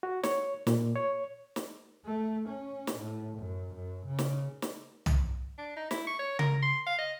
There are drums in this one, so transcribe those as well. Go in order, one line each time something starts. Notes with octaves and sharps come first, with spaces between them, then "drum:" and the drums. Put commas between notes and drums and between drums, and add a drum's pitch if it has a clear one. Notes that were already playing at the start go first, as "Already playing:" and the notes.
F#4
C#5, drum: snare
A#2, drum: snare
C#5
drum: snare
A3
C#4
drum: snare
A2
F#2
F#2
C#3
drum: snare
drum: snare
drum: tom
D4
D#4
E4, drum: snare
C#6
C#5
A#4, drum: tom C#3
C6
F5
D#5